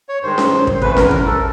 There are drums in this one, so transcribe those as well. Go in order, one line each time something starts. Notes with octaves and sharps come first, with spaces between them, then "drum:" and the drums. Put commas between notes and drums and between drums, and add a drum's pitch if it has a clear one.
C#5
G2 D#3 G#3 C5
drum: snare C#4
drum: kick
E2 C3 E3 A3 B4, drum: kick
A#4, drum: snare C#4
A#4, drum: kick
A4